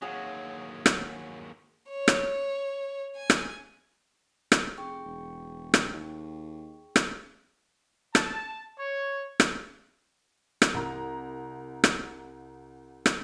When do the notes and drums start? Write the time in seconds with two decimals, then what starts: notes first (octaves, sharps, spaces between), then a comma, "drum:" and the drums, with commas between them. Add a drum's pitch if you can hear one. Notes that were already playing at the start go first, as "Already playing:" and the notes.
0.02 D#2 F#3 G#4 F5 F#5
0.86 drum: rim click
1.90 C#5
2.08 drum: rim click
3.16 G#5
3.30 drum: rim click
4.52 drum: rim click
4.78 F1 G#4 G5 C#6
5.05 E1
5.74 drum: rim click
5.93 D#2
6.96 drum: rim click
8.15 A5, drum: rim click
8.79 C#5
9.40 drum: rim click
10.62 drum: rim click
10.74 C2 A#5
11.84 drum: rim click
13.06 drum: rim click